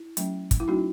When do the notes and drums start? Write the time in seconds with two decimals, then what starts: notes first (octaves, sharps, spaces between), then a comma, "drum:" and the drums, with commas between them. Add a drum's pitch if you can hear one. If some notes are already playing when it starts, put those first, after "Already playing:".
Already playing: E4
0.17 F#3 A3 C#4, drum: hi-hat
0.51 drum: kick, hi-hat
0.60 E4
0.68 F#3 A3 C#4 D#4 F#4